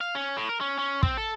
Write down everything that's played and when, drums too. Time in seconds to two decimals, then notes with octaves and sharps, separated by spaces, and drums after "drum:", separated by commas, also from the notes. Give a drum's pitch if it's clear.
0.01 F5
0.15 C#4
0.36 A2
0.49 A#4
0.61 C#4
0.78 C#4
1.03 C4, drum: kick
1.17 A4